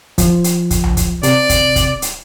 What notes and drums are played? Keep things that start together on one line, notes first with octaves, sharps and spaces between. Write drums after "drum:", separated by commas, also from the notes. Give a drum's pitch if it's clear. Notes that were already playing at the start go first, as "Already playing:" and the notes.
F3, drum: kick, hi-hat
drum: hi-hat
drum: kick, hi-hat
drum: tom C#2
drum: kick, hi-hat
C3 D5, drum: hi-hat
drum: kick, hi-hat
drum: kick, hi-hat
drum: hi-hat